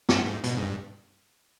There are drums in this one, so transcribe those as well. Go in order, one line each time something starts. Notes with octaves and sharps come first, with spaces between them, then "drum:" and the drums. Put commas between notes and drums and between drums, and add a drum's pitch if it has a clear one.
G2, drum: snare
G#2
B2, drum: hi-hat
G#2
G2